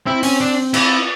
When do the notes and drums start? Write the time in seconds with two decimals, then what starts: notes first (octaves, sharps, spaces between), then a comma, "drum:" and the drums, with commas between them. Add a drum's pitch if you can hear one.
0.07 C4 E4
0.23 C#4, drum: open hi-hat
0.41 D4
0.74 E4, drum: cymbal